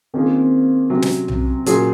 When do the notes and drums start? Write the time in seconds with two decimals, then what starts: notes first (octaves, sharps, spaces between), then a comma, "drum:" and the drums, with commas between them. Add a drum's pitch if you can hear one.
0.14 D#3 A#3 C4 C#4 F4 G#4
0.90 C3 F#3 C#4
1.02 drum: snare
1.28 C4, drum: tom B1
1.66 A#2 F#3 C#4 G#4, drum: hi-hat